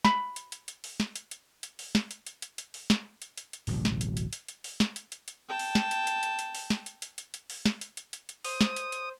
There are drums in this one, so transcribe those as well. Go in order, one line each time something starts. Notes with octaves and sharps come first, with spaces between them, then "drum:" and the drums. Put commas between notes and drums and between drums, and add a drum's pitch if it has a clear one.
B5, drum: snare
drum: hi-hat
drum: hi-hat
drum: hi-hat
drum: open hi-hat
drum: snare
drum: hi-hat
drum: hi-hat
drum: hi-hat
drum: open hi-hat
drum: snare
drum: hi-hat
drum: hi-hat
drum: hi-hat
drum: hi-hat
drum: open hi-hat
drum: snare
drum: hi-hat
drum: hi-hat
drum: hi-hat
D1 A1 B2 F#3, drum: open hi-hat
drum: snare
drum: hi-hat
drum: hi-hat
drum: hi-hat
drum: hi-hat
drum: open hi-hat
drum: snare
drum: hi-hat
drum: hi-hat
drum: hi-hat
G5 A5
drum: open hi-hat
drum: snare
drum: hi-hat
drum: hi-hat
drum: hi-hat
drum: hi-hat
drum: open hi-hat
drum: snare
drum: hi-hat
drum: hi-hat
drum: hi-hat
drum: hi-hat
drum: open hi-hat
drum: snare
drum: hi-hat
drum: hi-hat
drum: hi-hat
drum: hi-hat
C5 D#6, drum: open hi-hat
drum: snare
drum: hi-hat
drum: hi-hat